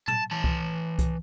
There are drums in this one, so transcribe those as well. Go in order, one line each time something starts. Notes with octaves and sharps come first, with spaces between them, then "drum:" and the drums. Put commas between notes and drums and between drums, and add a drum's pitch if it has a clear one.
A5, drum: tom
E3 A5
drum: kick C2
drum: kick C2, hi-hat